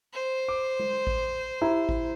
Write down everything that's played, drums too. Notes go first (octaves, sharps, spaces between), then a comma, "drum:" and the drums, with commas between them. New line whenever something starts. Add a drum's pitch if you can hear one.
C5
D6
drum: tom G#3
drum: kick A1
E4 G4 A#5
drum: kick A1